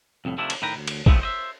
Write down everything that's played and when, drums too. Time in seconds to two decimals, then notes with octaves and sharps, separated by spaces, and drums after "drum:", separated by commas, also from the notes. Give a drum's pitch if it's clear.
0.25 C2 F2 A2
0.38 C3 D#3 F3 A3 D4 E4
0.50 drum: cymbal
0.62 A2 D#3 B4 G5 A#5
0.76 D2
0.87 drum: cymbal
1.06 E3 F3 G#3 A3 B3 C4, drum: kick A#1
1.22 C5 D#5 E5